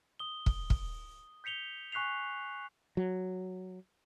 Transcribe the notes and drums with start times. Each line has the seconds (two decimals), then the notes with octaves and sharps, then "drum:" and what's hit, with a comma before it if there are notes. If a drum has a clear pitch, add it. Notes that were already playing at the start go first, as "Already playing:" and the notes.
0.19 D#6 G7
0.46 drum: kick
0.70 drum: kick
1.44 G6 B6 C#7 F7 G7
1.92 G#5 C#6 F#6 B6 C7 F7
2.97 F#3